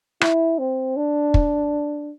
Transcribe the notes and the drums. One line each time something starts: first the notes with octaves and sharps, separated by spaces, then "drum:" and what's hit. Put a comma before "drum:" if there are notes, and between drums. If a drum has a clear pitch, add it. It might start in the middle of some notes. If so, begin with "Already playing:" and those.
E4, drum: rim click
C4
D4
drum: kick